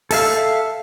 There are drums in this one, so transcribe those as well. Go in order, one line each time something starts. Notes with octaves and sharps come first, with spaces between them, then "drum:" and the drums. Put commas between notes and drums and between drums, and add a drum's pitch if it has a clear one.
A4 E5 F5, drum: open hi-hat